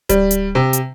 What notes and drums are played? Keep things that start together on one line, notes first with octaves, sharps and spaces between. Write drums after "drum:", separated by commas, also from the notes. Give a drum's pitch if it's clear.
G3, drum: kick D1, hi-hat
drum: hi-hat
C3
drum: hi-hat